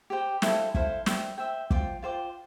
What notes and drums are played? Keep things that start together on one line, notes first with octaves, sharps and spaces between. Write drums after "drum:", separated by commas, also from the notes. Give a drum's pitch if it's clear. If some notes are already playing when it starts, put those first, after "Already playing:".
G4 C5 G5
E4 A4 C5 F5, drum: snare
E4 A4 C5 F5, drum: kick
C5 E5 G5, drum: snare
C5 E5 G5
F4 C5 G5 D6, drum: kick
F4 C5 G5 D6